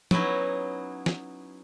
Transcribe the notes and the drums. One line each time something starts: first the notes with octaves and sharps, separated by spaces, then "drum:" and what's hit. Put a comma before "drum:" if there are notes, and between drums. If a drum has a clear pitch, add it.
F#3 B3 C#4 D#4 E4, drum: tom
drum: snare